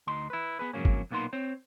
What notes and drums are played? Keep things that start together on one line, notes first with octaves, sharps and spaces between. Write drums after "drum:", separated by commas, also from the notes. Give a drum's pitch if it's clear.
D2 D#4 C6
E4 B4
B3 G#4 B4
F2 G#2 C#3 F#3 A#3 C#4
drum: kick
B1 A#2 A#3 B3 D#4 C6
C4 C5 C#5